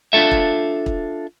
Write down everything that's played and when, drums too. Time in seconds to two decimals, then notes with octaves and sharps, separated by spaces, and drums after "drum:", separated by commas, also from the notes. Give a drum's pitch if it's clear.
0.13 D4 F4 A4 E5
0.31 drum: kick
0.86 drum: kick